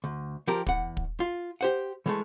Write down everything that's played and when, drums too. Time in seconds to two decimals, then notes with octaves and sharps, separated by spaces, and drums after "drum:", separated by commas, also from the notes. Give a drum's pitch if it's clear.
0.04 D2
0.48 F3 G4 A#4
0.67 E2 F#5, drum: kick
0.97 drum: kick
1.20 F4
1.61 G4 C5 F#5
2.06 E3 G#3 A3